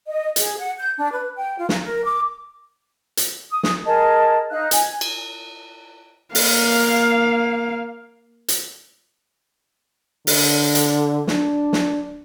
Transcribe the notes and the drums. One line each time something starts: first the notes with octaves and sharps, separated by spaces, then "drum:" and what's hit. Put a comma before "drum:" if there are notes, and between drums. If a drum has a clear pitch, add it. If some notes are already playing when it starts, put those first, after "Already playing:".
D#5
G#4, drum: hi-hat
F#5
G6
D4
B4
G5
F4
A#5, drum: snare
A#4
D6
drum: hi-hat
D#6
drum: snare
G#4 A#4 D#5 A5
D#4 F5 F#6
G#5, drum: hi-hat
drum: cymbal
A#3 F5, drum: open hi-hat
drum: hi-hat
D3, drum: open hi-hat
drum: hi-hat
D4, drum: snare
drum: snare